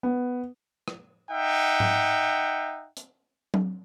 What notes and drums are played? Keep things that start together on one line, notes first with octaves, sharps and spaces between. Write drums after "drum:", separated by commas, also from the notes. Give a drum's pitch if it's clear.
B3
drum: rim click
D#4 E5 F#5 G5
drum: tom G#2
drum: hi-hat
drum: tom F#3